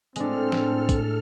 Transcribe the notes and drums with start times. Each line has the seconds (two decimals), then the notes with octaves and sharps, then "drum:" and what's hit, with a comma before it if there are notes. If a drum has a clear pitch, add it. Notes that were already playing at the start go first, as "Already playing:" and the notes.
0.16 A2 G#3 C4 D4 A4 F6, drum: hi-hat
0.52 drum: snare
0.89 drum: kick, hi-hat